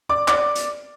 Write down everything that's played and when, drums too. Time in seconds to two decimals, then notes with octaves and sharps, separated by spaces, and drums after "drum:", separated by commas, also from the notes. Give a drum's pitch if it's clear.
0.09 D5 D6
0.28 D5 D6, drum: clap
0.55 drum: hi-hat